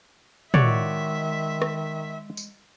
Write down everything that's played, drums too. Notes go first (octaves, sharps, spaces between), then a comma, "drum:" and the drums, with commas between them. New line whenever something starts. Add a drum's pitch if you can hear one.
D#3 G#3 F#4 C#5 D5 E5, drum: tom
drum: rim click
drum: tambourine